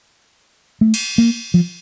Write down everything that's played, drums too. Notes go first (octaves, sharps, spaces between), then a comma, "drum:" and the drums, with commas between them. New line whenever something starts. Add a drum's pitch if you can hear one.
A3
drum: cymbal
A#3
F3